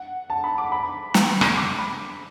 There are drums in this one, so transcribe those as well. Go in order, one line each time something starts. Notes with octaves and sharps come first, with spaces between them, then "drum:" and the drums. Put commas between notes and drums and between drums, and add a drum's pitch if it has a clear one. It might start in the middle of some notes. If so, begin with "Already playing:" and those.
Already playing: F#5
A5
B5
D6
B5
drum: snare
drum: rim click
D6
B5